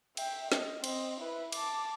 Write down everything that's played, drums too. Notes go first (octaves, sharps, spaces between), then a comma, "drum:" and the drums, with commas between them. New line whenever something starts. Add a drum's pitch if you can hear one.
E5 G5, drum: cymbal
D#5, drum: snare
C4 D#5, drum: cymbal
E4 B4
A5 D6, drum: cymbal